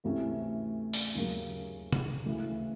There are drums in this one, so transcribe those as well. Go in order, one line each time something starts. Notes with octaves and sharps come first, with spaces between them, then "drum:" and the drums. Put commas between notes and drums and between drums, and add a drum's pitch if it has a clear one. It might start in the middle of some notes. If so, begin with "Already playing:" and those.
D2 C3 E3 A3 C#4
drum: open hi-hat
D#2 C#3 F#3 A#3 C#4
drum: tom
D2 C#3 E3